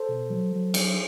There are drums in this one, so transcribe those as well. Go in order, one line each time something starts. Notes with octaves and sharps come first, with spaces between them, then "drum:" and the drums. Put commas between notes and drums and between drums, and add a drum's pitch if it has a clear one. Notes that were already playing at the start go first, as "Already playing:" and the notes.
Already playing: A4 C5
B2
F#3
F#3
F#3, drum: cymbal